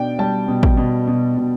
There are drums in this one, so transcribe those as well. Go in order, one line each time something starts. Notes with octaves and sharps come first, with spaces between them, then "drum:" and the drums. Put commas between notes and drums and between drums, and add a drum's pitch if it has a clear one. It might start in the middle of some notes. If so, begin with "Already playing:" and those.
Already playing: B2 D4 G5
G3 A5
B2
drum: kick
B2
B2
B2